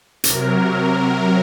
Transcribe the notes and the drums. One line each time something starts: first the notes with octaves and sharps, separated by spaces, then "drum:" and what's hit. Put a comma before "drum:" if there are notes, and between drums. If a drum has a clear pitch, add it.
C3 F#3 A#4, drum: hi-hat